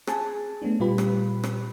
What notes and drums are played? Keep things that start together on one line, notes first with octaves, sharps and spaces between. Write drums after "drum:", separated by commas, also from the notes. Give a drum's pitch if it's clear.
G#4 G#5 A5, drum: rim click
A3 B3 C#4 D4
A#2 G3 F4 G4 B4 B5
drum: rim click
drum: rim click